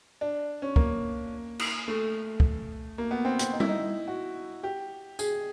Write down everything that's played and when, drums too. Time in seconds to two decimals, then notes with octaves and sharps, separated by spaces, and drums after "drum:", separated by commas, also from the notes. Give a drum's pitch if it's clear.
0.21 D4
0.62 C#4
0.76 A#3, drum: kick
1.59 drum: cymbal
1.88 A3
2.40 drum: kick
2.98 A#3
3.11 B3
3.25 C4
3.39 C4, drum: hi-hat
3.52 D#4
3.60 E4, drum: tom G3
3.68 D#4
4.08 F#4
4.64 G4
5.19 G#4, drum: tambourine